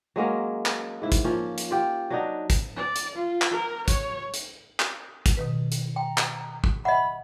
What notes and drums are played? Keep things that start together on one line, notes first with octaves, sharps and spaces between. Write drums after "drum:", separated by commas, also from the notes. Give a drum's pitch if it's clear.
F#3 G#3 A#3 C#4
drum: clap
G#2 E4
drum: kick, hi-hat
F3 A#3 C#4
drum: hi-hat
F4 G4
F#3 D4 D#4
drum: kick, hi-hat
D5
drum: hi-hat
F4
drum: clap
A#4
C#5, drum: kick, hi-hat
drum: hi-hat
drum: clap
drum: kick, hi-hat
B2 D#3 B4
drum: hi-hat
G5 A#5
drum: clap
drum: kick
D#5 E5 F#5 B5